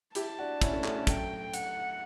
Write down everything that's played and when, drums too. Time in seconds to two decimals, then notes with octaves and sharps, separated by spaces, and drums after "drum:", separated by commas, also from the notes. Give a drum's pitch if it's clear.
0.15 E4 G4 A5, drum: hi-hat
0.38 D4 F#4
0.61 C#4 E4, drum: kick, hi-hat
0.73 A3 C#4
0.84 A3 C#4, drum: clap
0.95 A3 C#4
1.07 F#3 A3 G5, drum: kick, hi-hat
1.54 F#5, drum: hi-hat